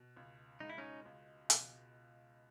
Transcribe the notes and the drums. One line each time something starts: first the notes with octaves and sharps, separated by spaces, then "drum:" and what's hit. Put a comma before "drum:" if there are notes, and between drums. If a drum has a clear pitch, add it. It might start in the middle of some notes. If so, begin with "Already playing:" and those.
Already playing: B2
C#2
G#3 D#4
E4
C#4 D#4
C#2
B2, drum: hi-hat